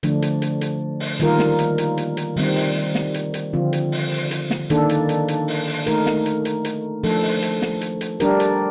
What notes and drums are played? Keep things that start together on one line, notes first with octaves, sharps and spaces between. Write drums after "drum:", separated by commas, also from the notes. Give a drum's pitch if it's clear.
D3 F3 A3 D4, drum: hi-hat
drum: hi-hat
drum: hi-hat
drum: hi-hat
drum: open hi-hat
D#3 G3 A#3 F4 A#4, drum: hi-hat
drum: snare
drum: hi-hat
drum: hi-hat
drum: hi-hat
drum: hi-hat
D#3 G3 C4, drum: open hi-hat
drum: open hi-hat
drum: snare
drum: hi-hat
drum: hi-hat
D3 F3 C4 F4
drum: hi-hat
drum: open hi-hat
drum: open hi-hat
drum: hi-hat
drum: snare
D#3 A#3 D4 A4, drum: hi-hat
drum: hi-hat
drum: hi-hat
drum: hi-hat
drum: open hi-hat
drum: open hi-hat
A3 D#4 A#4, drum: hi-hat
drum: snare
drum: hi-hat
drum: hi-hat
drum: hi-hat
F3 A3 D4 A4, drum: open hi-hat
drum: open hi-hat
drum: hi-hat
drum: snare
drum: hi-hat
drum: hi-hat
G3 D4 G4 A#4, drum: hi-hat
drum: hi-hat